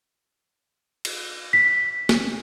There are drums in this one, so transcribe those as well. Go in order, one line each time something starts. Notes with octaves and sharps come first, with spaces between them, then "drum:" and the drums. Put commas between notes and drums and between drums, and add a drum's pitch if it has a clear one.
drum: cymbal
B6
drum: snare